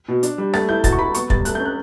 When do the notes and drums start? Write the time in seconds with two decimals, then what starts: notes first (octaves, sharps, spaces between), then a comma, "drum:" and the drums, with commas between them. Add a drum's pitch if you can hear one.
0.08 B2
0.23 D4, drum: hi-hat
0.38 G3
0.54 A3 A6, drum: rim click
0.68 E4 G6
0.84 F#4 A6, drum: kick, hi-hat
0.93 C#6
0.99 F#4 B5
1.14 B3 C#6, drum: hi-hat
1.30 G3 A6, drum: kick
1.45 A3 F#6, drum: hi-hat
1.55 G6
1.60 C#4
1.65 F#6